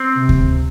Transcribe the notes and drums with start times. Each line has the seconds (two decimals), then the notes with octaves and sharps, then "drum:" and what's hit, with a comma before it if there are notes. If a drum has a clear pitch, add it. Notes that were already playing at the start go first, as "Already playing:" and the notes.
Already playing: C4
0.14 C3
0.29 drum: kick D2